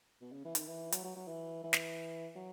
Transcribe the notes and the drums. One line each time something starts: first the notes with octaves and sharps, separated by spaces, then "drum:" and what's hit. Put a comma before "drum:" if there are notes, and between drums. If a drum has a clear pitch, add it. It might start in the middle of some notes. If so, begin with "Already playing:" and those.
B2
C#3
E3
D#3, drum: hi-hat
E3
F#3, drum: hi-hat
F#3
F#3
E3
E3
drum: snare
F#3